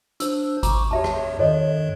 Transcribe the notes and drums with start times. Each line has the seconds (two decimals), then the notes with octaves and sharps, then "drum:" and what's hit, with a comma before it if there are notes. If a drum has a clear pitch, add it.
0.20 D4 C5 E6, drum: hi-hat
0.63 A#5 C#6 D6, drum: kick G#1, hi-hat
0.91 E2 G4 C#5 E5 A5
1.04 drum: rim click
1.39 G2 D#3 A4 C#5 D#5